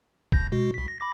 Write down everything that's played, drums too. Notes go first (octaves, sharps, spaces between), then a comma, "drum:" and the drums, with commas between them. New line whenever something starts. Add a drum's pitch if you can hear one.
A#1 G6 A#6, drum: kick
B2 G#3 F#4
C2 B6
A#6
B5 D6 A#6